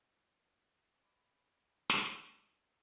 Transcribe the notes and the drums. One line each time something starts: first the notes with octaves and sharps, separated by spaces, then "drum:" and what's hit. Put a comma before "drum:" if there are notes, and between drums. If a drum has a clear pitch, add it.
C5 D5 B5 C6 D6 D7
drum: snare